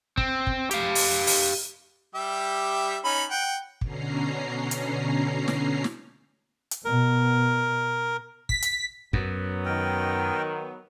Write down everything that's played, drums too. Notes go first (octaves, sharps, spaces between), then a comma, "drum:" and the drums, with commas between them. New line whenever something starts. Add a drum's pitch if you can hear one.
C4, drum: kick
drum: kick
G4 F5, drum: hi-hat
drum: open hi-hat
drum: open hi-hat
G3 G4 E5
C#4 D#4 B5
F#5 G5
B2 D3 C#4 A#5 C7, drum: kick
drum: hi-hat
drum: snare
drum: snare
drum: hi-hat
B2 A#4
B6, drum: kick
drum: hi-hat
F#2 F#3 B3, drum: kick
D#3 A#4 G5